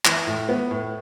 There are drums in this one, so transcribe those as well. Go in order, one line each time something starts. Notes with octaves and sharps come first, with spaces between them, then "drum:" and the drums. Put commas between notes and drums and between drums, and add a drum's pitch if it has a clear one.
E3, drum: clap
A2
B3
A2